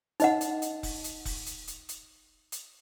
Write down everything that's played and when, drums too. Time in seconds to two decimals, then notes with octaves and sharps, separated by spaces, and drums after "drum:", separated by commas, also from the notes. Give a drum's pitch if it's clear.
0.20 D#4 D#5 F#5, drum: hi-hat
0.41 drum: hi-hat
0.62 drum: hi-hat
0.83 drum: kick E1, open hi-hat
1.04 drum: hi-hat
1.25 drum: kick E1, open hi-hat
1.47 drum: hi-hat
1.68 drum: hi-hat
1.89 drum: hi-hat
2.52 drum: hi-hat